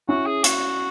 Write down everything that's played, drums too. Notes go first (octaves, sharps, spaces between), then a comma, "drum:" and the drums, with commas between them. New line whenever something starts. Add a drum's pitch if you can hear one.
C#4 E4 F#4
G#4
F#4, drum: hi-hat